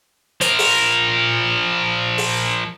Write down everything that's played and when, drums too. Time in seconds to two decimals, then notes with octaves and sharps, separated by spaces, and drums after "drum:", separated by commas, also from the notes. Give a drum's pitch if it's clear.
0.41 F3 A#4, drum: hi-hat
0.59 drum: open hi-hat
2.18 drum: open hi-hat